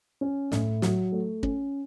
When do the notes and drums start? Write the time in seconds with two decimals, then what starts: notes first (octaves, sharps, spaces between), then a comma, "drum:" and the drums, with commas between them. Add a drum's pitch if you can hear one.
0.21 C#4
0.52 A2, drum: snare
0.82 F#3, drum: snare
1.12 A3
1.43 C#4, drum: kick